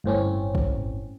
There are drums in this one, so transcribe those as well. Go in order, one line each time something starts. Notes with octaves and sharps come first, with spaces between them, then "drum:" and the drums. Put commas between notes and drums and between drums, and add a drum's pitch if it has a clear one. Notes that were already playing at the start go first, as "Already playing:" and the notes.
G1 A2 C4 C#4
drum: kick